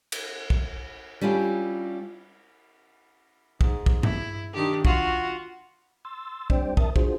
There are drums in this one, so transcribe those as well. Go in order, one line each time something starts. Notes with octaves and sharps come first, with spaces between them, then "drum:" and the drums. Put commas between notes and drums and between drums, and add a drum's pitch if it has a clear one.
drum: cymbal
drum: kick
G3 C#4 D4 E4 F4
G#2, drum: kick
drum: kick
E4, drum: tom G2
D#3 D4 G4
F4 F#4, drum: kick
C6 E6 A6
G3 C4 D4 C5 D5 G5, drum: kick
A#4 E5 A5 D#6 A6, drum: kick
D4 F4 F#4 G#4 C5, drum: kick